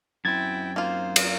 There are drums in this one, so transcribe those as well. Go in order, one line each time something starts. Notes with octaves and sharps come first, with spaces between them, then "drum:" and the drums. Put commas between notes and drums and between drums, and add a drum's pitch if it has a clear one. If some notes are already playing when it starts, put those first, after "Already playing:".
F#2 C4 E4 G5 G#6 A6
A#3 D#4 F4 C5
drum: cymbal